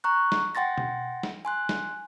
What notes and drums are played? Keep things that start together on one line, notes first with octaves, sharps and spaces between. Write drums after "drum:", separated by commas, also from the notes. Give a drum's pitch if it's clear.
A#5 C#6 F#6
drum: snare
F#5 G5 C6 A6 A#6
drum: tom B2
drum: snare
G#5 C6 F#6
drum: snare